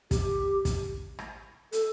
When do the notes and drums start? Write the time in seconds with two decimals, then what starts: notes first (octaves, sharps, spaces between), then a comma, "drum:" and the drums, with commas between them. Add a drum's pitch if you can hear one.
0.11 G4, drum: kick, hi-hat
0.65 drum: kick, hi-hat
1.19 drum: rim click
1.72 A4, drum: hi-hat